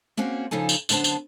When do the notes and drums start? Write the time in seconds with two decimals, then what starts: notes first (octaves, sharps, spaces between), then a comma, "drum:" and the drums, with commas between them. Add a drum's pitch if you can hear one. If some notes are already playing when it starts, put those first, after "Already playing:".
0.17 A#3 C4 C#4 F#4 G#4
0.51 C#3 F3 D#4 A4 G#5
0.69 drum: tambourine
0.89 F#2 D3 B3 C5 A5, drum: tambourine
1.04 drum: tambourine